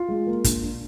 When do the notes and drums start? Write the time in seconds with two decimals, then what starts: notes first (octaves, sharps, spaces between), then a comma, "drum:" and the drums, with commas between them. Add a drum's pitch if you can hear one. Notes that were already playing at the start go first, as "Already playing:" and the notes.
Already playing: F4
0.08 G#3
0.26 A#3
0.44 D4, drum: kick, hi-hat
0.62 D4